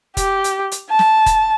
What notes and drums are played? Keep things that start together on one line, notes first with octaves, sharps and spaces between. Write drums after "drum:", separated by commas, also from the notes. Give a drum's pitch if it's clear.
G4, drum: kick, hi-hat
drum: hi-hat
drum: hi-hat
A5
drum: snare
drum: kick, hi-hat